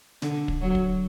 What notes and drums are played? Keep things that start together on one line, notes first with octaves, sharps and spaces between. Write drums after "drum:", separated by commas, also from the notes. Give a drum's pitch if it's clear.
D3, drum: snare
drum: kick
F#3
drum: kick